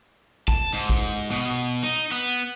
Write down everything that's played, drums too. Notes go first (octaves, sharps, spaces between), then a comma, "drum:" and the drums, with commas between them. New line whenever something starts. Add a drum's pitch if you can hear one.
A5, drum: kick
G#2, drum: hi-hat
drum: kick
B2
D#4
B3